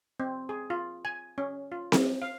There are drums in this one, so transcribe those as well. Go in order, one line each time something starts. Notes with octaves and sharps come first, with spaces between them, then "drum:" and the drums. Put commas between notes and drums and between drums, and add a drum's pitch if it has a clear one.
C4
G#4
F4
G#5
C#4
F4
drum: snare C4
F5